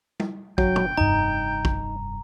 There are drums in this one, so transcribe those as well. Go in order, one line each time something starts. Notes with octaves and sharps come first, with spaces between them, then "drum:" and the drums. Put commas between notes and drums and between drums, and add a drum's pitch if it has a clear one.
drum: tom G3
G1 F#3 D4 G5, drum: kick
drum: tom
F1 G2 D#4 A#5
drum: kick